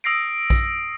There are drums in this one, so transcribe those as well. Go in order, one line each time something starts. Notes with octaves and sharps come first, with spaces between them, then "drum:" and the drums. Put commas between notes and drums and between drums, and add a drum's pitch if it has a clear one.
D#6 E6 A#6 C7 D7
drum: kick A#1